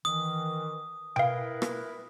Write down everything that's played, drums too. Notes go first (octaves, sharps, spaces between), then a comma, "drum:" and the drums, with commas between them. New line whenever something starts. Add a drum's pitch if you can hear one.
D#3 E3 D#6
E4 A#4 B4 F5 G5, drum: tom B2
drum: rim click